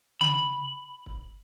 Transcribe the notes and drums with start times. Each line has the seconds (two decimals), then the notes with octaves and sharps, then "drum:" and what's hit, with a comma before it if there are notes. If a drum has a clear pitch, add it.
0.21 B5, drum: tom C#3
1.06 drum: kick